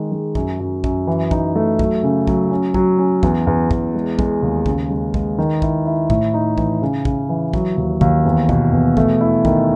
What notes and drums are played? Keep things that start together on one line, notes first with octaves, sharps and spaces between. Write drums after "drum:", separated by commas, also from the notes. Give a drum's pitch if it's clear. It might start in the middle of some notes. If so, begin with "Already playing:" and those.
Already playing: D#3 G#3
G#3
F#2, drum: kick
F#2
F#2, drum: kick
E3
D#4, drum: kick
A3
F#3, drum: kick
C#3
F#3, drum: kick
C#4
F#3, drum: kick
C#4
E2, drum: kick
E2
E2, drum: kick
G#3
G#3, drum: kick
D#2
C#3, drum: kick
G#3
G#3, drum: kick
D#3
E4, drum: kick
E4
A2, drum: kick
D#4
E3, drum: kick
C#3
C#3, drum: kick
E3
F#3, drum: kick
D#2
D#2, drum: kick
E2
B2, drum: kick
E2
A3, drum: kick
E4
D#3, drum: kick